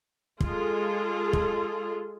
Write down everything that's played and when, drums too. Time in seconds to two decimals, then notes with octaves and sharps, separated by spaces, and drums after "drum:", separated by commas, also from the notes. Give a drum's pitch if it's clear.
0.40 G#3 F4 G#4 A4, drum: kick
1.33 drum: kick